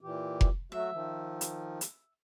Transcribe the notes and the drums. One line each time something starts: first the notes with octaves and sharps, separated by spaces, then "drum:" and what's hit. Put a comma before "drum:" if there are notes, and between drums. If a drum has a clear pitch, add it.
A#2 E3 G4
drum: kick F1
F#3 A3 F#4 E5
D#3 F3
drum: hi-hat
drum: hi-hat